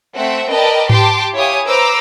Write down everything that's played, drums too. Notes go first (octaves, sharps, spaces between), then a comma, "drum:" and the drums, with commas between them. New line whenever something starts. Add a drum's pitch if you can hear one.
A3 C4 E5 F#5
A#4 B4 D5 D#5 G5 A5
G4 G5 A5 C6 D6, drum: tom G#2
E4 G4 C#5 F5 G#5 D#6
B4 C5 A#5 D6 E6